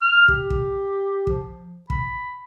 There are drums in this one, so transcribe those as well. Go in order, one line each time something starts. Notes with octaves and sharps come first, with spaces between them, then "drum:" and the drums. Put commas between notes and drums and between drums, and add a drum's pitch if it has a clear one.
F6
G4, drum: kick
drum: kick
F3, drum: kick
B5, drum: kick